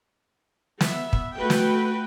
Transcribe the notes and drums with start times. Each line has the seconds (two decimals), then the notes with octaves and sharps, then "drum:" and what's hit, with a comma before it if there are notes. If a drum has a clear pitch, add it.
0.81 B3 E5, drum: snare
1.13 drum: kick
1.36 A3 F#4 B4 G5
1.50 drum: snare